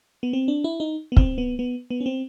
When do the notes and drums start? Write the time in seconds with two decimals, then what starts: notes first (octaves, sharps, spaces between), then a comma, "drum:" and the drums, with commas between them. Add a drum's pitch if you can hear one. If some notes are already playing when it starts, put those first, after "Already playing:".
0.23 B3
0.33 C4
0.48 D4
0.64 E4
0.80 D#4
1.12 B3
1.17 C4, drum: kick
1.38 B3
1.59 B3
1.90 B3
2.01 C#4
2.06 C4